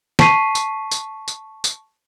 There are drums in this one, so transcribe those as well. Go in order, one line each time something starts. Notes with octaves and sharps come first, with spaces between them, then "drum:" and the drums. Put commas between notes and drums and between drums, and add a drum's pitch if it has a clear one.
A5 C#6 B6 C7 D#7, drum: snare
drum: tambourine
drum: tambourine
drum: tambourine
drum: tambourine